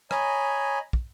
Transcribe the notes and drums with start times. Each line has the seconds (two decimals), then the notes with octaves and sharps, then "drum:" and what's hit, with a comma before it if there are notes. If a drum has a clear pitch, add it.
0.11 C#5 D#5 G#5 A#5 B5, drum: rim click
0.93 drum: kick